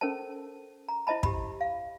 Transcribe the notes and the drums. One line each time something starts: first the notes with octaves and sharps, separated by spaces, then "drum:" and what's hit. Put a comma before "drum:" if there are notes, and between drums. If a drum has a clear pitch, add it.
C#4 A4 A#4 C5 A5
A#5
E4 C5 D#5 A5 B5
G4 B5, drum: kick
F5